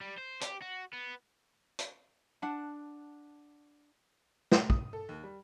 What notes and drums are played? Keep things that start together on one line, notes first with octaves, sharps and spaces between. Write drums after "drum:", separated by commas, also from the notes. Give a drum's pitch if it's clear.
G3
C5
G4, drum: hi-hat
F#4
B3
drum: hi-hat
D4 F#5 A5
drum: snare
D#6, drum: kick
A4
D#2
G3